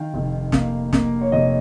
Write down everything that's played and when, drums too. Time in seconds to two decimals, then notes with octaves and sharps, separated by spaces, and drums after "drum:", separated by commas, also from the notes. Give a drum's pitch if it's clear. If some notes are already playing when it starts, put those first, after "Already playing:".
Already playing: D#3 F5 G5
0.14 F1
0.52 A#3 F5, drum: snare
0.93 A#3, drum: snare
1.21 C#5
1.32 F1 D#5